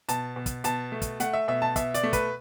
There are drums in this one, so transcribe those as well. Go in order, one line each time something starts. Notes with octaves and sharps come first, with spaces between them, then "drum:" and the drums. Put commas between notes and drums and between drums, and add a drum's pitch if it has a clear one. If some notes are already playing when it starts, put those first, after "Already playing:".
B2 A5, drum: hi-hat
B2
drum: kick, hi-hat
B2 A5, drum: hi-hat
A3
drum: kick, hi-hat
A3 F#5, drum: hi-hat
E5
B2 E5
A5
B2 E5, drum: kick, hi-hat
D5, drum: hi-hat
A3
B4, drum: kick, hi-hat